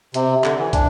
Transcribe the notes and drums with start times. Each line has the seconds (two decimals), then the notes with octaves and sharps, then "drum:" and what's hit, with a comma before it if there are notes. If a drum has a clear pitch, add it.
0.14 C3, drum: hi-hat
0.44 D3, drum: clap
0.59 E3
0.73 D4, drum: kick, hi-hat